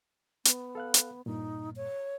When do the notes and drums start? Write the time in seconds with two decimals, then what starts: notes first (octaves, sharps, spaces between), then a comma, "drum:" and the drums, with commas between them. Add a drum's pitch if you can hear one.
0.45 B3, drum: hi-hat
0.75 A4 F5 F#6
0.94 drum: hi-hat
1.26 G2 A#2 D#4
1.76 C#5